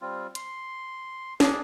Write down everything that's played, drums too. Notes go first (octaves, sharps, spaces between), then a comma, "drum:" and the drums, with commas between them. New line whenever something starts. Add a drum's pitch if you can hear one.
G3 C4 F4
C6, drum: hi-hat
D4 G#4 D5, drum: snare